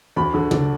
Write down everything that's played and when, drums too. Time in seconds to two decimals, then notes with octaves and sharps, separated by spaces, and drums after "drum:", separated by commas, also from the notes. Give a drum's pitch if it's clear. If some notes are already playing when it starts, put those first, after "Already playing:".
0.16 D2 B5
0.34 D3
0.51 D4, drum: tom C#3